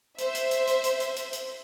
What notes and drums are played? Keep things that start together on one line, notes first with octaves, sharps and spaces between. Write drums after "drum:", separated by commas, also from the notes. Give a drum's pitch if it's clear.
C5 E5, drum: hi-hat
drum: hi-hat
drum: hi-hat
drum: hi-hat
drum: hi-hat
drum: hi-hat
drum: hi-hat
drum: hi-hat